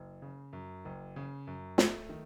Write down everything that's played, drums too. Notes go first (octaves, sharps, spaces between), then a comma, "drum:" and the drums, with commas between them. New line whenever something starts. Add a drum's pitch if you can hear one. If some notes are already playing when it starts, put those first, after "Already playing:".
Already playing: F#1
C#3
F#2
F#1
C#3
F#2
A3, drum: snare
D#3